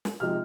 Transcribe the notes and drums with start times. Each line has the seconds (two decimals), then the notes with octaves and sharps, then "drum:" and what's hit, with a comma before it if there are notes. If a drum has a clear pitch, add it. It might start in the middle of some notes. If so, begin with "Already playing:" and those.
0.05 drum: snare
0.20 C3 F3 G#3 D#4 F6